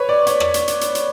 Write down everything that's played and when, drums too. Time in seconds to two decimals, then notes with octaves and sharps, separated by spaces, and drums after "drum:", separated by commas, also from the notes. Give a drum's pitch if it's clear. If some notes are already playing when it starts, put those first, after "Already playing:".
Already playing: B4 C#5
0.09 D5
0.27 C#5, drum: hi-hat
0.40 drum: rim click
0.54 drum: hi-hat
0.68 drum: hi-hat
0.81 drum: hi-hat
0.95 drum: hi-hat